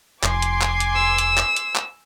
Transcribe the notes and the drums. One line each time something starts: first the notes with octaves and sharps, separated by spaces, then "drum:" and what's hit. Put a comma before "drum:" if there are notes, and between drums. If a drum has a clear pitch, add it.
F1 G#5 C6 D6, drum: clap
drum: hi-hat
drum: clap
drum: hi-hat
E6
drum: hi-hat
drum: clap
drum: hi-hat
drum: clap